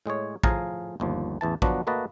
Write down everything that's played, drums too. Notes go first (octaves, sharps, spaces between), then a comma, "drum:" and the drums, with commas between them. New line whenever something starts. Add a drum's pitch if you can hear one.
A2 G#3 G#4 C#5
A2 F3 G#4 F5 G#5 A#5, drum: kick
G1 D#2 F3
A1 E2 E3 A5
F3 F#3 B3 D4 F#4, drum: kick
A3 A#3 F#4 B4 D#5 A5